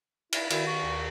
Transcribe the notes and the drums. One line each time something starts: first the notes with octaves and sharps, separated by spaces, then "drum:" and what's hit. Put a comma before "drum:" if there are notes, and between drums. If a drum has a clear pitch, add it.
E4 E5, drum: cymbal
D#3 E4 F#4 A#4, drum: cymbal
C#6
D#2